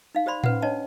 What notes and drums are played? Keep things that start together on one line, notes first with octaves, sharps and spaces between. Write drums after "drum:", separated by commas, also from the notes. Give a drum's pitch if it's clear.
D#4 F5
G4 C5 D5 B5 C6
C#4 B4 F#5, drum: tom A2
D4 C#5 D#5 A5